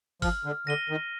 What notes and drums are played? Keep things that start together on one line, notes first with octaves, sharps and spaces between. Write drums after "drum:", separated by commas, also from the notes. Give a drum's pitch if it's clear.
F3 F6, drum: kick, open hi-hat
D3
D3 A#6 D#7 G7
D#3